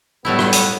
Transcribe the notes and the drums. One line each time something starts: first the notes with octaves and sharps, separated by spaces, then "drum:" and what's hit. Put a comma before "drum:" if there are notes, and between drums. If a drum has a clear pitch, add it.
A2 F#3 G3 A3 B3 E4
drum: rim click
drum: hi-hat